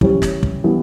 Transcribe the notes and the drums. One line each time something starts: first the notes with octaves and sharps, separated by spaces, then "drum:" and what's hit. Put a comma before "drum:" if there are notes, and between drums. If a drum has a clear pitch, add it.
E3 G3 C#4 G4 C#5, drum: kick
drum: snare
drum: kick
E3 G3 B3